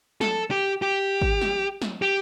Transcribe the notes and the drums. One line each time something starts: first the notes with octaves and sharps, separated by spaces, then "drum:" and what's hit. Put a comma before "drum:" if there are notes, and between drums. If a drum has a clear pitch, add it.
A4, drum: snare
G4
G4
drum: kick G#1
drum: snare
drum: snare
G4